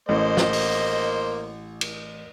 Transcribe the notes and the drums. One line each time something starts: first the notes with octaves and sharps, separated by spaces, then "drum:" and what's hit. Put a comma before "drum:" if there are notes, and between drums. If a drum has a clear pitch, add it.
A1 A#3 C5 D#5
drum: snare
drum: open hi-hat
drum: cymbal